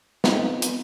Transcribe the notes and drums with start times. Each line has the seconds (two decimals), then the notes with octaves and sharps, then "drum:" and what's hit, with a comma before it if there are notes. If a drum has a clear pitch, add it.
0.24 B3 C4 D#4 F4, drum: snare
0.62 drum: hi-hat